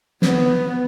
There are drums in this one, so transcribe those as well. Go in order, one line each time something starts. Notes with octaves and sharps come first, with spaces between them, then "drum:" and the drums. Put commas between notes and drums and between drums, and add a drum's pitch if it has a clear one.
B3, drum: snare